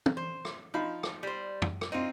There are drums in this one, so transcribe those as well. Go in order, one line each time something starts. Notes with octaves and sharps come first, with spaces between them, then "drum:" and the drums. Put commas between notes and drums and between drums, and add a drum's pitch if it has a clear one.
drum: tom
C5
drum: rim click
F3 D#4 F4 B5
drum: rim click
G3 C5
drum: tom
drum: rim click
C4 D#4 F4